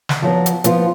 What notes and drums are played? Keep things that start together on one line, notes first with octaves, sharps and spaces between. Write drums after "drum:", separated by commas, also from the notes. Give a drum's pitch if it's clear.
drum: snare
F3 F#3 B3
drum: hi-hat
F3 B3 F4, drum: hi-hat